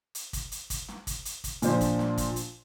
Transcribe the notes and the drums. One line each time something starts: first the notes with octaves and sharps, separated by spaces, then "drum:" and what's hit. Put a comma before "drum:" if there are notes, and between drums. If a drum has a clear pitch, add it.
drum: hi-hat
drum: kick, hi-hat
drum: hi-hat
drum: kick, hi-hat
drum: snare
drum: kick, hi-hat
drum: hi-hat
drum: kick, hi-hat
A#2 F3 D4 C5, drum: hi-hat
drum: kick, hi-hat
drum: snare
drum: kick, hi-hat
drum: hi-hat